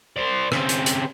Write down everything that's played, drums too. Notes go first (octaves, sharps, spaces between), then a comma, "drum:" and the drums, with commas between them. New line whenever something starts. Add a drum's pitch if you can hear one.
C5 D5
C#3 C4, drum: rim click
drum: hi-hat
drum: hi-hat